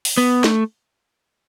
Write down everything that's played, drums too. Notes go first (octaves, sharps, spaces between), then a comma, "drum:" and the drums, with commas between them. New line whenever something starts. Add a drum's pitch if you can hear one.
drum: open hi-hat
B3
A3, drum: snare